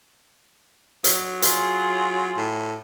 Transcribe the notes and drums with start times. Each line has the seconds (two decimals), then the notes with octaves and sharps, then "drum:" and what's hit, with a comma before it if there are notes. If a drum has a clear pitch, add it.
1.04 F#3, drum: hi-hat
1.42 F4 G#4, drum: hi-hat
2.37 A2